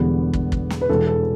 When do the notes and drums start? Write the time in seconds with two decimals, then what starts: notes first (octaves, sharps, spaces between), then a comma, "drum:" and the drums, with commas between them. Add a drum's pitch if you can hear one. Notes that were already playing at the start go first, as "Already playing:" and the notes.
Already playing: E1 E2 D3 G3 B3
0.33 drum: kick
0.52 drum: kick
0.70 drum: snare
0.81 B4
0.89 E1 E2 E3 A4
1.07 A4